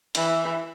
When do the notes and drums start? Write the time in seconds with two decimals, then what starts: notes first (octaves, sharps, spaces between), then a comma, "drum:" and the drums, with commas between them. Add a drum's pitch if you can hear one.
0.15 E3, drum: hi-hat